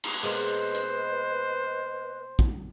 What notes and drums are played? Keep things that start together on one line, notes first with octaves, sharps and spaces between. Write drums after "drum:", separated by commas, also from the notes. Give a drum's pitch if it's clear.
drum: cymbal
B2 G#3 A#3 B4 C5 D#5, drum: open hi-hat
drum: hi-hat
drum: kick